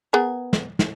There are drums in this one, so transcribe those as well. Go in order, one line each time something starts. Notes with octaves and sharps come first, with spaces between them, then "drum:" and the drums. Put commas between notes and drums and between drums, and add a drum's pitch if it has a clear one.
B3 G#4 A#4
drum: snare
drum: snare